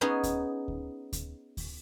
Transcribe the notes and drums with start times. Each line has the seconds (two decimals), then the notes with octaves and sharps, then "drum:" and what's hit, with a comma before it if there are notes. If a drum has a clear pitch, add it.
0.01 B3 C#4 D#4 G#4
0.23 drum: kick D2, hi-hat
0.68 drum: kick D2
1.13 drum: kick D2, hi-hat
1.57 drum: kick D2, open hi-hat